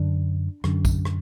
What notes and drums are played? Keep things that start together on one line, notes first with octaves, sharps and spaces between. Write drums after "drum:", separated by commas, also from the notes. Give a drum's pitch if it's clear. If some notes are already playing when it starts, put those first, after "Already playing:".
Already playing: F#2 D3 D4
F#2 D3, drum: rim click
drum: kick, tambourine
drum: rim click